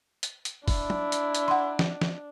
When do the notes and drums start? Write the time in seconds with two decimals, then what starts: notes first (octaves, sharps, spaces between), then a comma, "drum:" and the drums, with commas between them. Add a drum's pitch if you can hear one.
0.23 drum: hi-hat
0.45 drum: hi-hat
0.68 D4 E4, drum: kick, open hi-hat
0.90 drum: tom
1.12 drum: hi-hat
1.35 drum: hi-hat
1.48 F#5 C6
1.79 drum: snare
2.01 drum: snare